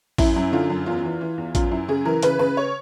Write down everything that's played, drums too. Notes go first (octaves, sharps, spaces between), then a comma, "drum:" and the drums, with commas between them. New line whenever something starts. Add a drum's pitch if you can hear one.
F#2 E4, drum: kick A1, open hi-hat
F#2
D3 F4
F#2
E2 F4
E3
E3
E2
F#2 F4, drum: kick A1, hi-hat
F#2 E4
C#3 G#4
E3 A#4
C#3 B4, drum: hi-hat
C#3 B4
C#5